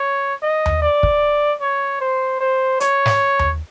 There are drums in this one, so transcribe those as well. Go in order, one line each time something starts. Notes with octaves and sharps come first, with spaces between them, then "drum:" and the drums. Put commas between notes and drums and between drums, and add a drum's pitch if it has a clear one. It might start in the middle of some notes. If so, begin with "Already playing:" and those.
Already playing: C#5
D#5
drum: tom D#2
D5
drum: kick
C#5
C5
C5
C#5, drum: hi-hat
drum: snare
drum: tom D#2